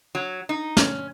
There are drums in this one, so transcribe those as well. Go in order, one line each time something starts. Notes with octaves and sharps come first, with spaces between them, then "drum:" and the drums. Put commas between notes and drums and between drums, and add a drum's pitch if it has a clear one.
F#3
D#4
C#4, drum: snare